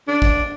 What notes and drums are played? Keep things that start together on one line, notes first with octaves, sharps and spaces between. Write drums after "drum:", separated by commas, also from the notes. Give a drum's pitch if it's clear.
D4
drum: kick